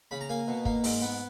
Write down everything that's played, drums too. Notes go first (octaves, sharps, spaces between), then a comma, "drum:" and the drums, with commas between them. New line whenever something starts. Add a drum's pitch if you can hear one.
C#3 B5
A#5
A#3 G#5
B2
A#3, drum: kick
G#2, drum: open hi-hat
B3